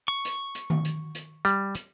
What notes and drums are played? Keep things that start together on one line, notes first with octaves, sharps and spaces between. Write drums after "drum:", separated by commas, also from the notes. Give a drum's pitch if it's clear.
C#6
drum: hi-hat
drum: hi-hat
drum: tom D#3
drum: hi-hat
drum: hi-hat
G3, drum: hi-hat
drum: hi-hat